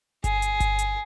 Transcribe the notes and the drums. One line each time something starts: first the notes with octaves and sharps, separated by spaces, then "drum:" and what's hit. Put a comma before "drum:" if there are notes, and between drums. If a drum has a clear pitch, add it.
G#4, drum: kick G1, hi-hat
drum: hi-hat
drum: kick G1, hi-hat
drum: hi-hat